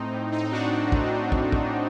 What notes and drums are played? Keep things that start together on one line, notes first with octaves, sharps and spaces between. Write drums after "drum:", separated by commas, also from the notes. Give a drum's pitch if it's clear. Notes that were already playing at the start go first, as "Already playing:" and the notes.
Already playing: A2 C4 D#4
A2
C4 D#4
A2 D4 F#4
A2, drum: kick
A2, drum: kick
drum: kick
A2